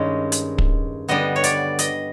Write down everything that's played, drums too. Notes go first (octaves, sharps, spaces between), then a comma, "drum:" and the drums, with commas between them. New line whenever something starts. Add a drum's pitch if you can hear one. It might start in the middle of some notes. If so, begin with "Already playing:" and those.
Already playing: G2 D#3 G#3 C#4 D#5
drum: hi-hat
drum: kick
D3 G3 B3 D#5
C#5
D5, drum: hi-hat
D#5, drum: hi-hat